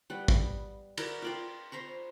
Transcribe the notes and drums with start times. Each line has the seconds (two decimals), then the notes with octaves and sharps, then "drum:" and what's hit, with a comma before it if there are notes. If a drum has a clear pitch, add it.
0.10 G3 B3 F#5
0.28 drum: kick
0.98 E4 F#4 A#4 D5, drum: cymbal
1.22 F4 D5 G5
1.72 C5 A#5 B5 C#6